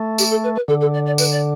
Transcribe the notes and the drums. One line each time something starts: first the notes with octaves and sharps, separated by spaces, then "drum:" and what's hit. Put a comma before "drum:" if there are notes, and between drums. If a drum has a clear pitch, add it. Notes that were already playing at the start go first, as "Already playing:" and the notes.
Already playing: A3
G4, drum: tambourine
A4
B4
B4
D3 A4
A4
D5
D5
B4, drum: tambourine
D5